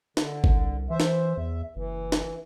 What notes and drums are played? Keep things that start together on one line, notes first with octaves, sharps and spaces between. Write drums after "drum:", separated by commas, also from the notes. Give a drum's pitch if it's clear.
D3, drum: snare
C2, drum: kick G#1
E3 C5 E5
drum: snare
E2 E5
F#1 E3
drum: snare